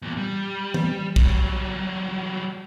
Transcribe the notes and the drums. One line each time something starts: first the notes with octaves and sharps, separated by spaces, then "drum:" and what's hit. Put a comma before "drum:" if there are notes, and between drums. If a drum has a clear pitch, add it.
E2 A#2
G3
drum: tom E3
F#3 G3, drum: kick